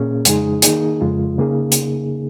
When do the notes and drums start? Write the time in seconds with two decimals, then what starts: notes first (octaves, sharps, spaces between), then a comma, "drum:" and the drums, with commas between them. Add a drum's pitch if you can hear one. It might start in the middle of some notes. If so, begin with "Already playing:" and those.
Already playing: A#2 A#3 C#4 G#4
0.25 F2 C#3 G#3 D#4 G#4, drum: hi-hat
0.62 D#3 A#3 D#4 G#4, drum: hi-hat
1.01 F2 C#3 G#3 F4
1.38 C#3 A#3 D#4 G#4
1.72 drum: hi-hat